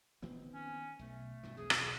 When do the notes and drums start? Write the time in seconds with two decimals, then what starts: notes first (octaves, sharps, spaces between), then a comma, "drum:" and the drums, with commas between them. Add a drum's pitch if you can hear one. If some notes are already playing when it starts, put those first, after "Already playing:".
0.22 D#3 B3 C4
0.54 C#4
0.99 B1 A3
1.43 G2 B2 E3
1.57 B1 E2 C#3 G#4
1.70 drum: rim click